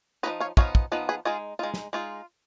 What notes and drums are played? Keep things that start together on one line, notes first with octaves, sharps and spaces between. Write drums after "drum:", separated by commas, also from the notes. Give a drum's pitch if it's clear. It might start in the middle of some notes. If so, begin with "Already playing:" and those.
F3 B3 D#4 B4 D#5
C#5 F5
F3 B3 D#4 C#5 F5, drum: kick
drum: kick
F3 B3 D#4 B4 D#5
G#4 B4
G#3 D#4 F4 G#4
G#3 D#4 F4
drum: snare
G#3 D#4 F4